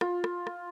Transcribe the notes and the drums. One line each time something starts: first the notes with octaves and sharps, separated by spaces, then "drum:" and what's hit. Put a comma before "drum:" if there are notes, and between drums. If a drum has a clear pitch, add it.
F4, drum: rim click
drum: rim click
drum: rim click